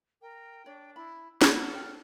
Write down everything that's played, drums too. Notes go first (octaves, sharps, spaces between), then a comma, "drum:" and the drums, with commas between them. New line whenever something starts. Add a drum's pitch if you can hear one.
A#4 G5
D4 C#5
E4 B5
A4 B4 C#5 F#5 B5, drum: snare
C#5 G5 F6